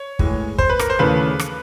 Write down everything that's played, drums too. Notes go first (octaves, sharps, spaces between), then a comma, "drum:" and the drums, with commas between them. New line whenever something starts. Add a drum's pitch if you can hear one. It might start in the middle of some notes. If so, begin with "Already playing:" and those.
Already playing: C#5
A2 E3 G#3, drum: kick
C5, drum: kick
B4
A#4, drum: rim click
C5
D#2 C#3 E3 A3 B4
drum: rim click